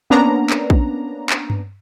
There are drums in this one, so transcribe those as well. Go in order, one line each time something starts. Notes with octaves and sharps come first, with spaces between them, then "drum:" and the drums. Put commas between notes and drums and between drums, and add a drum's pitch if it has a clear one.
A#3 B3 C#4 D4 A#5
drum: clap
drum: kick
drum: clap
drum: tom G2